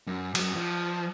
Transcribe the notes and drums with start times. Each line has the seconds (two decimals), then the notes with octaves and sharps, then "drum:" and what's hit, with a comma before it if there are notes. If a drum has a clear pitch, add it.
0.07 F#2
0.35 F#2 F#3, drum: cymbal
0.57 F3